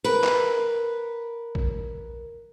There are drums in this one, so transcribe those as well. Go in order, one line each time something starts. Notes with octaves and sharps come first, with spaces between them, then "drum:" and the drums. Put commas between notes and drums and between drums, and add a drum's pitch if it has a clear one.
A#4 B4
drum: clap
drum: kick